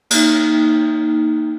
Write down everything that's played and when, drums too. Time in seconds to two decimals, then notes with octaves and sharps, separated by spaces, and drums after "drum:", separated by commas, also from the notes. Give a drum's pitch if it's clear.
0.11 A#3 D#4, drum: cymbal